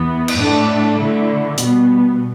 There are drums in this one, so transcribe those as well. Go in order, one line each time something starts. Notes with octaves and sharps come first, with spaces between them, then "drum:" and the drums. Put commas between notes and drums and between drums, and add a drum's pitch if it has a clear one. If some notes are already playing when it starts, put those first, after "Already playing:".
Already playing: E2 E3 B3
drum: cymbal
A2 A3 D4 A4
D3 A3 E4
B2 G3 B3, drum: hi-hat